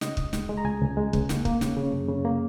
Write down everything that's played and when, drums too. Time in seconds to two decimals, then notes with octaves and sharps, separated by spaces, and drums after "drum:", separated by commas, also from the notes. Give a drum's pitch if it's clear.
0.01 C#3 D#5, drum: snare
0.17 C#2, drum: kick
0.33 G#3, drum: snare
0.49 G#3
0.57 A#5
0.65 C#2 G#5
0.81 C#2
0.97 G#3
1.13 C#2, drum: kick
1.29 A#3, drum: snare
1.45 A#3, drum: kick
1.61 C#3, drum: snare
1.77 C#3
1.93 F#2
2.09 C#3
2.25 A#3